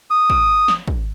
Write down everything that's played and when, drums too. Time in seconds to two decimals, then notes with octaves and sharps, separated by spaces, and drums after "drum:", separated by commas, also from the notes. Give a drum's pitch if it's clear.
0.10 D#6
0.30 drum: kick
0.68 drum: snare
0.88 drum: kick